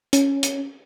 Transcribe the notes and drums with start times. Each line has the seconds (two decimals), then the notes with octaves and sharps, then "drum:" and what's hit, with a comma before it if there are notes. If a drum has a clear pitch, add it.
0.13 C#4, drum: hi-hat
0.43 drum: hi-hat